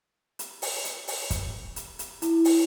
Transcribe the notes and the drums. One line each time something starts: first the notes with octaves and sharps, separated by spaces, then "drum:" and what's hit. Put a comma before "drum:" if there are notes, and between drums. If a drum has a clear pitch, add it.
drum: hi-hat
drum: open hi-hat
drum: hi-hat
drum: open hi-hat
drum: kick, hi-hat
drum: hi-hat
drum: hi-hat
E4, drum: hi-hat
drum: open hi-hat